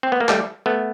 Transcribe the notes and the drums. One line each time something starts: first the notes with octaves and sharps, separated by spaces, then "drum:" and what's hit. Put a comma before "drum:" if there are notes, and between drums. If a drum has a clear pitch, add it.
C4
B3
A#3
G3 A3, drum: clap
A3 B3